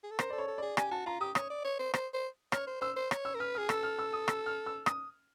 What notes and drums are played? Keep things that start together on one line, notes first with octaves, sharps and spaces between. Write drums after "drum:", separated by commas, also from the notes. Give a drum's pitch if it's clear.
G#4
A4
A#4 C5, drum: rim click
A4 D5
C#5
A4
G#4 D5
G4 G#5, drum: rim click
F#4 A5
F4 A#5
G4 D#6
C#5 D#6, drum: rim click
D5
C#5
C5
C5, drum: rim click
C5
C#5 F6, drum: rim click
C5
C5 E6
C5
C#5, drum: rim click
E6
A#4
B4 F6
G#4 F6
A4 E6, drum: rim click
F6
E6
D#6
E6, drum: rim click
F6
E6
D#6, drum: rim click